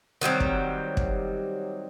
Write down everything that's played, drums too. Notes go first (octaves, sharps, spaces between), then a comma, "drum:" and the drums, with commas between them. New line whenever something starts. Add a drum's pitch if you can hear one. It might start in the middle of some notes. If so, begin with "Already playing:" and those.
D#3 F#3 G3 C4
drum: kick
drum: kick